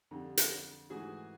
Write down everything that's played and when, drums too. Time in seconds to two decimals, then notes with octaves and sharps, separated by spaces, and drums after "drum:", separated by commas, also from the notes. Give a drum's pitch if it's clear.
0.11 F2 D3 G3
0.37 drum: hi-hat
0.90 G#2 E3 A3 F#4 G#4